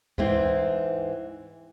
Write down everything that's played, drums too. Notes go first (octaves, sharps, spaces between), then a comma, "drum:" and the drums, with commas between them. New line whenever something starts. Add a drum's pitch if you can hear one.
G#2 E3 C4, drum: kick D2